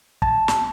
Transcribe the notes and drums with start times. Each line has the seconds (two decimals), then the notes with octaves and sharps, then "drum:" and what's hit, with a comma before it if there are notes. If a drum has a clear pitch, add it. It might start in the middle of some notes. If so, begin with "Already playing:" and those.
0.22 A5, drum: kick
0.48 drum: snare